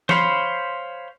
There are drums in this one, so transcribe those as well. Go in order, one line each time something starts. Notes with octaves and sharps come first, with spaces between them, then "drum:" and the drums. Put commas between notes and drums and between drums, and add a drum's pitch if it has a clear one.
C5 C#5 F5 B5 C6, drum: snare